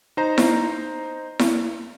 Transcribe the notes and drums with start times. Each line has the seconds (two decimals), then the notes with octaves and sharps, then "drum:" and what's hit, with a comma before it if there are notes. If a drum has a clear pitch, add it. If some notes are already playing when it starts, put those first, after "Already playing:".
0.17 D#4 C5 A#5
0.38 drum: snare E4
1.39 drum: snare E4